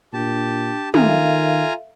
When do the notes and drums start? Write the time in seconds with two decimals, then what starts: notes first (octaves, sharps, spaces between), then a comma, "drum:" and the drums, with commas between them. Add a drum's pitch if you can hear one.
0.13 A#2 D4 G4 A5
0.94 D#3 F4 A4 E5 F5 G#5 A#5, drum: tom